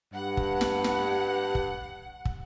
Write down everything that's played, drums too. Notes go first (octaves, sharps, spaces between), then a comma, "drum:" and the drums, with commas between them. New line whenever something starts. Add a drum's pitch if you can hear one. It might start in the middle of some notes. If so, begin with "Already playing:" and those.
G2 F#5
drum: kick
drum: snare
drum: snare
drum: kick
drum: kick